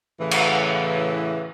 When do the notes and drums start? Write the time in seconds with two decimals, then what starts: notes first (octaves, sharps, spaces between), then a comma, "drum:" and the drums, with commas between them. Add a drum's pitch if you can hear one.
0.20 A2 C#3 E3
0.31 drum: cymbal